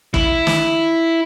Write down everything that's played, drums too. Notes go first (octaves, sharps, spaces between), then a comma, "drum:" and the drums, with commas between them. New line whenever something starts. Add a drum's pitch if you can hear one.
E4, drum: kick
drum: snare